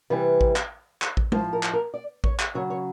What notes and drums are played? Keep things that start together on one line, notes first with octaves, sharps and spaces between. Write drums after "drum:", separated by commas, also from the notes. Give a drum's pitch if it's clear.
C3 E3 G3 B4
drum: kick A1
drum: clap
drum: clap
drum: kick A1
A2 F3 C5, drum: tom G#3
A#4
drum: clap
A#4
D5
C#5, drum: kick A1
drum: clap
C#3 F#3 C#5
C#5